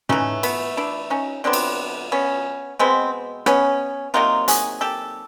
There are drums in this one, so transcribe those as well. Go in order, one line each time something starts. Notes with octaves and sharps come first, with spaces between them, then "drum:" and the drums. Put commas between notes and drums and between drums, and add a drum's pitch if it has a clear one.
E3 A3 C#4 D#4, drum: tom
B3, drum: cymbal
D4 E4
C#4 D#4
D3 F#3 B3 C4 D4
drum: cymbal
B3 C#4
B2 G#3 B3 C4
B3 C#4, drum: rim click
C3 D#3 F#3 A#3 D#4 F4
F#4 G#4, drum: hi-hat
G4 A4